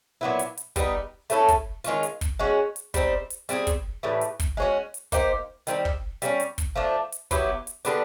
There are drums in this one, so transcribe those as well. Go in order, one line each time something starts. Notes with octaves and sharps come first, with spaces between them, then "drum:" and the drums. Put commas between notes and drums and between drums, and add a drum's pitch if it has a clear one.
A#2 F#3 B3 E4
drum: hi-hat
drum: hi-hat
G3 B3 D#4, drum: kick, hi-hat
A3 C#4 E4 A4, drum: hi-hat
drum: kick, hi-hat
D#3 G#3 C#4 F4, drum: hi-hat
drum: hi-hat
drum: kick, hi-hat
G#3 C#4 F#4
drum: hi-hat
G3 C4 D#4, drum: kick, hi-hat
drum: hi-hat
G3 C4 F4 G#4, drum: hi-hat
drum: kick, hi-hat
A2 E3 G3
drum: hi-hat
drum: kick, hi-hat
G#3 C#4 F#4
drum: hi-hat
A#3 D#4 G4 C5, drum: kick, hi-hat
D#3 G3 C4, drum: hi-hat
drum: kick
G3 A#3 C#4, drum: hi-hat
drum: hi-hat
drum: kick, hi-hat
F3 A3 D4
drum: hi-hat
F#3 B3 E4 G4, drum: kick, hi-hat
drum: hi-hat
D3 G3 B3 D4, drum: hi-hat